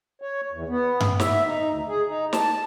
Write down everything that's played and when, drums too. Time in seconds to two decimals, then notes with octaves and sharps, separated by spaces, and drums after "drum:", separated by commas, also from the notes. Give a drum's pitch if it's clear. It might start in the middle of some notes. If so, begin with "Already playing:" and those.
0.22 C#5
0.52 E2
0.69 B3
1.00 drum: tom G2
1.20 E5, drum: snare
1.46 D#4
1.70 D2
1.88 G#4
2.08 D#4
2.33 A5, drum: snare